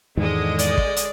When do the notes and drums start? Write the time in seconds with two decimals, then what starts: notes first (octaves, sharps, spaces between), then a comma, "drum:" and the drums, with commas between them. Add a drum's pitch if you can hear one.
0.17 E2 G#2 D3 D#3 G#3 D#5
0.59 D5, drum: hi-hat
0.78 drum: kick
0.96 drum: hi-hat